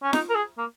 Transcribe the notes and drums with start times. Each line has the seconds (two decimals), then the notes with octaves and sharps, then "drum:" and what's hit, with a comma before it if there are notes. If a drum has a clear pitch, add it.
0.03 C#4
0.13 D#4, drum: snare F4
0.30 A#4
0.35 G#4
0.58 A#3